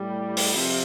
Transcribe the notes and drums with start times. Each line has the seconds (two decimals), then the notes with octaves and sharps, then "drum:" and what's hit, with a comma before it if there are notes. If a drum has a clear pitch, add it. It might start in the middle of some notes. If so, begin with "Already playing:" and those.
Already playing: A2 G3
0.37 drum: open hi-hat
0.54 C3 F3